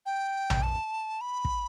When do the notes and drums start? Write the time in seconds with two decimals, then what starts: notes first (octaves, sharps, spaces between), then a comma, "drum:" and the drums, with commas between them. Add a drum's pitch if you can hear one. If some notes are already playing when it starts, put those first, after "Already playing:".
0.06 G5
0.50 drum: tom A#1
0.63 A5
1.21 B5
1.45 drum: kick